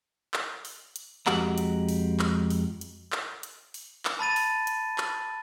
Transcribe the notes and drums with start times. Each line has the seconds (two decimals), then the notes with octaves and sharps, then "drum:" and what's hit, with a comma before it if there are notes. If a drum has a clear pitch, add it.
0.34 drum: clap
0.65 drum: open hi-hat
0.96 drum: hi-hat
1.27 F2 G#3 F#4 G4 F#5 A#5, drum: clap
1.58 drum: hi-hat
1.89 drum: open hi-hat
2.19 drum: clap
2.50 drum: open hi-hat
2.81 drum: hi-hat
3.12 drum: clap
3.43 drum: hi-hat
3.74 drum: open hi-hat
4.05 drum: clap
4.19 A5 B5 A6 D#7
4.36 drum: open hi-hat
4.67 drum: hi-hat
4.98 drum: clap